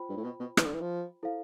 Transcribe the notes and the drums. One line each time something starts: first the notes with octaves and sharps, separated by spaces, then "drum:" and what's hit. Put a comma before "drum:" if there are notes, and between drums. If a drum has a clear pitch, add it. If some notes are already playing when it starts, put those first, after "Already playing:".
Already playing: F4 C5 G5 B5
G2
A2
B2
B2
E3, drum: rim click
D3
E3
F3
E4 A4 C5 F5